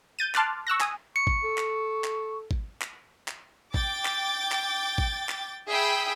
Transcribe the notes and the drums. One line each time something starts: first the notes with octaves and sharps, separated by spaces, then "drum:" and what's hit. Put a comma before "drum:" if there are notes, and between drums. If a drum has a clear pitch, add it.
G6 A6 D#7
A5 C6 D6 F6 F#6 A6, drum: clap
C#6 E6 F#6 A#6
G#5 D#6, drum: clap
C#6 C#7
drum: kick G#1
A4
drum: clap
drum: clap
drum: kick G#1
drum: clap
drum: clap
G5 D6 A6, drum: kick G#1
drum: clap
drum: clap
drum: kick G#1
drum: clap
G#4 E5 G5 B5 D#6 E6